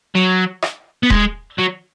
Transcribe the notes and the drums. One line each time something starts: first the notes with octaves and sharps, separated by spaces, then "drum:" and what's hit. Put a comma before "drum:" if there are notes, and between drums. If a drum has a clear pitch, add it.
F#3
drum: rim click
B3
G#3, drum: kick D#1
F#3